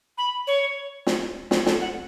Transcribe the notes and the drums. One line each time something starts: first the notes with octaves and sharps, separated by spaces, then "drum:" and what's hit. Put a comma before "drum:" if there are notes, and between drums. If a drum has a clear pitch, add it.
B5
C#5
drum: snare
drum: snare
A4, drum: snare
F#5